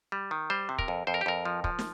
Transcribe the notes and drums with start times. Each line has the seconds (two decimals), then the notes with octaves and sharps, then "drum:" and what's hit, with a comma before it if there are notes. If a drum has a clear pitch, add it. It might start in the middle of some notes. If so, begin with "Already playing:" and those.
0.12 G3
0.31 D#3
0.50 G3 C5
0.69 C3
0.79 A#4, drum: kick
0.88 F2
1.07 F2 C5
1.14 A#4
1.21 G4
1.26 F2 A#4
1.45 F3
1.64 F3, drum: kick
1.79 drum: snare